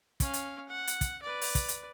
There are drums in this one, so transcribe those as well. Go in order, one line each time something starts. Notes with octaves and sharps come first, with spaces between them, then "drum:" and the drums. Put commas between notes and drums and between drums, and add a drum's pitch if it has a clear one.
C#4 F5, drum: kick, hi-hat
drum: hi-hat
F#5
drum: hi-hat
drum: kick, hi-hat
B4 D5
drum: open hi-hat
drum: kick, hi-hat
drum: hi-hat